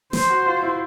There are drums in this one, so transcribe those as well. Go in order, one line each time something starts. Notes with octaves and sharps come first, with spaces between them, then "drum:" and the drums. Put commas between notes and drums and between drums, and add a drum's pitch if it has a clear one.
C5, drum: snare
F#4
F4
E4